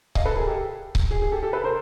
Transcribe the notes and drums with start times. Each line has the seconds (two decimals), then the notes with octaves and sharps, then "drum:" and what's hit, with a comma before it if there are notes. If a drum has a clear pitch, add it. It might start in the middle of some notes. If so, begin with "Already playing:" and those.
0.15 D#5 F5, drum: kick C#1
0.25 A4 B4
0.36 G#4 A#4
0.47 G4 A4
0.95 drum: kick C#1
1.11 G#4
1.22 G#4
1.32 G4 A4
1.43 G4 A4
1.53 A4 B4
1.64 A#4 C5